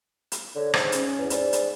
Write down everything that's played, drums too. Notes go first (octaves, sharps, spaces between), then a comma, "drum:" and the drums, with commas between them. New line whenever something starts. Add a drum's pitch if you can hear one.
drum: hi-hat
D3 C#5
G#2, drum: rim click
C#4, drum: hi-hat
E2
G#2 D5, drum: hi-hat
drum: hi-hat